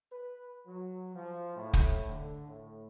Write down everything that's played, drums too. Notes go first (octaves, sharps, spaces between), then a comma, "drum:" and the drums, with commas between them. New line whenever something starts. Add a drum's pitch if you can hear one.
B4
F#3
F3
A2
drum: kick
D3
A2